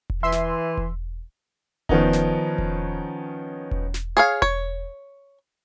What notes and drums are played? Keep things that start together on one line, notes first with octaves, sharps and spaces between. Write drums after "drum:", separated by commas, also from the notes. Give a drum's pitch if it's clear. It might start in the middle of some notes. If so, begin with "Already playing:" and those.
drum: kick E1
E3 E5 C6
drum: snare
drum: kick E1
D#3 F3 B3 C#4 D#4, drum: kick E1
drum: snare
drum: kick E1
drum: kick E1
drum: snare
G#4 C#5 F5
C#5, drum: kick E1